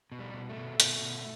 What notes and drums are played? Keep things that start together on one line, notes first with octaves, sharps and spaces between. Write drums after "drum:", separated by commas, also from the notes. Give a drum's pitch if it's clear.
B2
G3
B2
A3
B2
B2, drum: hi-hat
B2